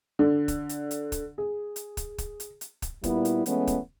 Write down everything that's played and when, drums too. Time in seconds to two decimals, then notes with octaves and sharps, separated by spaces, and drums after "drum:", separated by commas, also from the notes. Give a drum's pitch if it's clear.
0.19 D3
0.48 drum: kick, hi-hat
0.69 drum: hi-hat
0.91 drum: hi-hat
1.12 drum: kick, hi-hat
1.38 G#4
1.76 drum: hi-hat
1.97 drum: kick, hi-hat
2.18 drum: kick, hi-hat
2.40 drum: hi-hat
2.61 drum: hi-hat
2.82 drum: kick, hi-hat
3.04 A#2 G3 B3 E4, drum: kick, hi-hat
3.25 drum: hi-hat
3.46 E3 G#3 A3 B3 C#4, drum: hi-hat
3.67 drum: kick, hi-hat